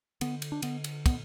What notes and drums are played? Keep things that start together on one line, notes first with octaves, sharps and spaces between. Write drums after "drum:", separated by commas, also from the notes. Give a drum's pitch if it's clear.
D3 B3, drum: cymbal
drum: cymbal
D4
D3 B3, drum: cymbal
drum: cymbal
B3, drum: kick, cymbal